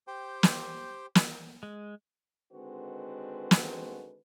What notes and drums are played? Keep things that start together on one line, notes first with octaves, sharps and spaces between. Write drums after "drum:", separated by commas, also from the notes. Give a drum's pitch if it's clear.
G4 C5 G5
drum: snare
drum: snare
G#3
D3 D#3 G#3 C4 F#4 B4
drum: snare